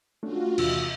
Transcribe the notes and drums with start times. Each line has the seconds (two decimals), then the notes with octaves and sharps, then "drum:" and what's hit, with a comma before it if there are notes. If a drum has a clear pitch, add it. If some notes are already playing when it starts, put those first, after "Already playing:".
0.23 A3 C#4 D4 F4 F#4
0.58 E2 C3 D#5 E5 E6, drum: cymbal